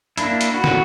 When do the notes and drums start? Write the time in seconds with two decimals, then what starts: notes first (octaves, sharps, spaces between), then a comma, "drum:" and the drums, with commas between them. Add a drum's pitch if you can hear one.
0.17 A#3 D4 E4 B5, drum: hi-hat
0.41 drum: hi-hat
0.54 F#4 B5
0.64 drum: snare